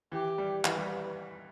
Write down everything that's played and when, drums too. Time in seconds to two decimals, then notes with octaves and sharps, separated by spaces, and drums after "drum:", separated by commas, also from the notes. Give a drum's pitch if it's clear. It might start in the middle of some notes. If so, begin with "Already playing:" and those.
0.12 E3 G4
0.38 G3
0.65 E3 B4, drum: clap
0.77 G3